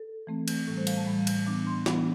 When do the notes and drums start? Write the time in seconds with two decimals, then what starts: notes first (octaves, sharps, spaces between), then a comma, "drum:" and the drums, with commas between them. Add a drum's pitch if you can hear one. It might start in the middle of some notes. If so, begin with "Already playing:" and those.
Already playing: A4
0.27 E3 A3 C4
0.48 drum: cymbal
0.67 A2 E3 G3 A4
0.78 C5
0.87 F5, drum: cymbal
0.97 A5
1.07 A2 E3 G3 B5
1.27 drum: cymbal
1.47 E3 B3 D4 D6
1.67 C6
1.86 E3 B3 D4 B5, drum: snare